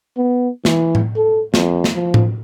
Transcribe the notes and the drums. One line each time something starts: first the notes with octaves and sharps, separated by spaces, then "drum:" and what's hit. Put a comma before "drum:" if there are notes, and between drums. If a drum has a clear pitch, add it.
B3
E3, drum: snare
drum: tom A2
A4
F2, drum: snare
drum: snare
F3
drum: tom A2